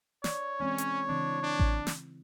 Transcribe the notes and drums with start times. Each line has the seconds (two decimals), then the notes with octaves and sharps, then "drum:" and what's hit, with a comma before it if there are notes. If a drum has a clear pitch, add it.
0.24 C#5 D5, drum: snare
0.60 E3 G#3 C4 C#4
0.78 drum: hi-hat
1.08 C#3 E3 C4 D4
1.42 D4
1.60 drum: kick A1
1.87 drum: snare